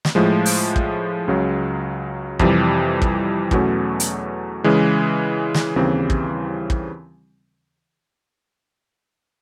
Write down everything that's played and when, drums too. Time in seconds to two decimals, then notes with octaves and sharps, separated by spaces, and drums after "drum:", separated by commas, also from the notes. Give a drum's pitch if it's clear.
0.05 drum: snare
0.15 A2 F3 G#3
0.46 drum: open hi-hat
0.76 drum: kick
1.28 C#2 C#3 F#3
2.39 F2 C3 E3 G3, drum: kick
3.02 drum: kick
3.51 E2 B2 F#3 A3 C#4, drum: kick
4.00 drum: hi-hat
4.64 C#3 E3 G#3
5.55 drum: snare
5.76 D#2 C#3 E3 G3 C4
6.10 drum: kick
6.70 drum: kick